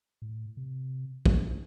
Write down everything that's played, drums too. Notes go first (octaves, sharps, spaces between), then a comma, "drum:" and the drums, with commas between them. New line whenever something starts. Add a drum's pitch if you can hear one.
A2
C3
A#2, drum: kick
G2